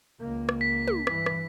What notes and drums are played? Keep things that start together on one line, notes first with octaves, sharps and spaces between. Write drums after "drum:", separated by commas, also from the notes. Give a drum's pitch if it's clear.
C#2 A#3
drum: rim click
B6
drum: tom
G2 E3, drum: rim click
drum: rim click